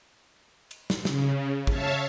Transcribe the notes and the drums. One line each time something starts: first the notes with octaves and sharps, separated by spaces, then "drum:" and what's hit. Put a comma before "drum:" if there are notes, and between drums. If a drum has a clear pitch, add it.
drum: cymbal
drum: snare
C#3, drum: snare
C#5 E5 F5 A5, drum: kick